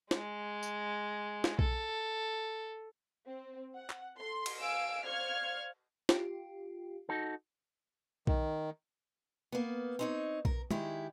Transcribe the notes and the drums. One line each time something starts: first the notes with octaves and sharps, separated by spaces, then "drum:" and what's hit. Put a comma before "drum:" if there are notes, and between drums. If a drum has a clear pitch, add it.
G#3, drum: snare
drum: tambourine
drum: snare
A4, drum: kick B1
C4
F#5
drum: clap
A4 C6
drum: cymbal
F5 G#5 E6 D7
C5 D5 F5 C#6 F6 G#6
F4 G4, drum: snare
D#4 F#4 A4
D#3, drum: kick B1
A#3 B3
C4 D#4 C#5
A#4, drum: kick B1
D#3 G#3 E4 G4, drum: tom